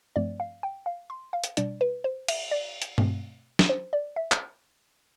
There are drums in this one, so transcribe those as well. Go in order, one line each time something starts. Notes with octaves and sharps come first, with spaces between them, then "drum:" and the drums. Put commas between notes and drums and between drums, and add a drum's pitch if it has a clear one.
G2 F3 A3 C4 D5
F5
G5
F5
C6
F5
drum: hi-hat
B2 G3 D4 D5, drum: hi-hat
B4
C5
E5, drum: cymbal
D5
drum: hi-hat
B2 A3 C4, drum: tom G2
drum: snare
C5
D5
E5
drum: clap